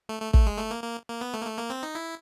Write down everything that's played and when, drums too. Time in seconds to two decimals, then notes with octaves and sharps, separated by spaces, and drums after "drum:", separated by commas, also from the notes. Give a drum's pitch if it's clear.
0.09 A3
0.22 A3
0.34 A3, drum: kick
0.47 G#3
0.58 A3
0.71 A#3
0.84 A#3
1.08 A#3
1.21 B3
1.34 A3
1.41 A#3
1.46 A3
1.58 A#3
1.70 C4
1.83 D#4
1.95 E4